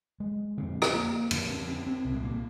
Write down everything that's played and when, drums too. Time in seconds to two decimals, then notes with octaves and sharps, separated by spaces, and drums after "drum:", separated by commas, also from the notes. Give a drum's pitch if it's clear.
0.20 G#3
0.57 F2 D3 C4
0.82 drum: rim click
0.94 A#3
1.31 F2 D3 D4, drum: cymbal
1.50 C4
1.68 C4
1.87 C4
2.04 C2 A#2
2.14 G#3
2.23 A#3